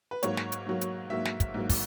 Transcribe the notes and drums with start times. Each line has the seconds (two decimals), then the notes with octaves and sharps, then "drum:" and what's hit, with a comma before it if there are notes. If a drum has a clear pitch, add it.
0.11 B4
0.23 G#2 F#3 A#3 C#5, drum: hi-hat
0.37 drum: snare
0.52 drum: hi-hat
0.66 G#2 F#3 A#3
0.81 drum: hi-hat
1.10 G#2 F#3 A#3 E5
1.25 drum: snare
1.40 drum: kick, hi-hat
1.54 G#2 F#3 A#3
1.69 drum: kick, open hi-hat